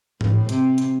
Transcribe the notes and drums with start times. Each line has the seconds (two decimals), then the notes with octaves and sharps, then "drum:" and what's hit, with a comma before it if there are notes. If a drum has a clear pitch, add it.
0.21 A2, drum: tom G#2
0.49 C3, drum: hi-hat
0.78 drum: hi-hat